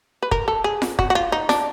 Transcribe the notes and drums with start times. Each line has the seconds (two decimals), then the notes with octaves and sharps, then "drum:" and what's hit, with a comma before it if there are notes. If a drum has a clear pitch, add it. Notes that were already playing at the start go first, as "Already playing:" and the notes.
0.23 B4
0.31 A#4, drum: kick
0.48 A4
0.64 G#4
0.82 drum: snare F4
0.99 F#4, drum: kick
1.10 F#4
1.15 F4
1.32 D#4
1.49 D4, drum: snare F4